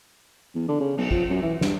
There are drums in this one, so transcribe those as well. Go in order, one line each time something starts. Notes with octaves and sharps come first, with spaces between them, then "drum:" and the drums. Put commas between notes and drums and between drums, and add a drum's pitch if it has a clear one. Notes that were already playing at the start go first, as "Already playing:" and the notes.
E2
D3
C#3
B1, drum: cymbal
F3, drum: kick A1
F#2
E3
G2, drum: snare